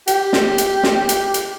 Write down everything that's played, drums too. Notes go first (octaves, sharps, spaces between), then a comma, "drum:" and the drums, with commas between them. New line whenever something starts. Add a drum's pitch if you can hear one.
G4, drum: hi-hat
drum: snare
drum: hi-hat
drum: snare
drum: hi-hat
drum: hi-hat